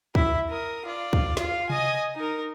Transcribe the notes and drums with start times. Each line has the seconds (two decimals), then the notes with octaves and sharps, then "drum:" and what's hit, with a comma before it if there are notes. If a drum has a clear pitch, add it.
0.15 E4 E5, drum: kick
0.49 A#4 D#6
0.85 F4 D5
1.13 drum: kick
1.37 F4 F5, drum: snare
1.70 D#5 G#5, drum: tom C3
2.15 D#4 A#4